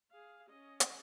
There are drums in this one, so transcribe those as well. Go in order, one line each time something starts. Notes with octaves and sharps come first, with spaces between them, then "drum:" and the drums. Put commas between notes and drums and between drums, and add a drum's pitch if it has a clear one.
G#4 F5
C#4 D#5
drum: hi-hat